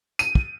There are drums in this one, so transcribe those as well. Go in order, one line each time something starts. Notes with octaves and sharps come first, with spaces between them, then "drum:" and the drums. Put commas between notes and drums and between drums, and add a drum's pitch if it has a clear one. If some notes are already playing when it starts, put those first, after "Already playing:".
D#7, drum: tambourine
drum: kick